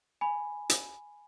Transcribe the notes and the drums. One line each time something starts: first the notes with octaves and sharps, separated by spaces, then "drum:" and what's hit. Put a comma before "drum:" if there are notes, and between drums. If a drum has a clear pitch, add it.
G#5 B5
drum: hi-hat